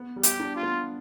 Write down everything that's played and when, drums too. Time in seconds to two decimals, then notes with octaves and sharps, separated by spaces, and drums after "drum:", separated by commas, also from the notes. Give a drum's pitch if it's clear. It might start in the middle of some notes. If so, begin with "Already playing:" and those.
Already playing: B3
0.16 G3
0.23 G4, drum: hi-hat
0.40 D4
0.56 F4
0.63 B3